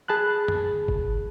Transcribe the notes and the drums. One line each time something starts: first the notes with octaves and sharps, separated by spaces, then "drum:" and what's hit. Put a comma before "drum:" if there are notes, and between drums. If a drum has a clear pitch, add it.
G#4 A5 B5 F#6
drum: tom F#2
drum: kick F#1